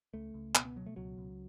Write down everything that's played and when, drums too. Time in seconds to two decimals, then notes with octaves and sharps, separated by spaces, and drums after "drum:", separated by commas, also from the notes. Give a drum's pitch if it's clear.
0.14 C#2 A3
0.34 C#2
0.55 B2 B3, drum: clap
0.65 B3
0.76 B2 F#3
0.86 A3
0.96 C#2 F#3
1.18 C#2